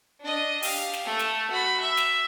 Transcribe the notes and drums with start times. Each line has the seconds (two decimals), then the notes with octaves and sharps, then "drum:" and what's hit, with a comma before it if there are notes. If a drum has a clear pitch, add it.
0.21 D4 D#5
0.63 G4 F5, drum: open hi-hat
0.93 drum: snare
1.05 A3
1.19 drum: snare
1.51 F#4 B5
1.80 E5
1.97 drum: snare